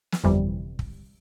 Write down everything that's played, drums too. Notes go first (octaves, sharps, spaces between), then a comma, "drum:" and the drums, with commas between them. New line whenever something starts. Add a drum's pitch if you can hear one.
drum: snare
G1 F2 C3 E3 G3
drum: kick